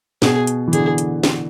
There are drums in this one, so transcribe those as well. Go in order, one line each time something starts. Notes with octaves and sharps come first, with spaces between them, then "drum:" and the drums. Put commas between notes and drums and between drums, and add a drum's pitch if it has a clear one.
B2 G#4, drum: snare
drum: hi-hat
E3
D3 G#4, drum: hi-hat
drum: hi-hat
drum: snare